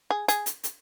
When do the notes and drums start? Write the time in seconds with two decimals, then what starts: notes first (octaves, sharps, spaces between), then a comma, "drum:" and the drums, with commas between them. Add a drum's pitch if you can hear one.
0.10 G#4
0.28 G#4, drum: hi-hat
0.46 drum: hi-hat
0.64 drum: hi-hat